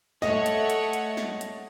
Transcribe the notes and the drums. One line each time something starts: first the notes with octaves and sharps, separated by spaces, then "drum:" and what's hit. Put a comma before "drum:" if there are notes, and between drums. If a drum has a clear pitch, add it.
A3 C#5 D#5 F#5, drum: snare
drum: hi-hat
drum: hi-hat
drum: hi-hat
drum: snare
drum: hi-hat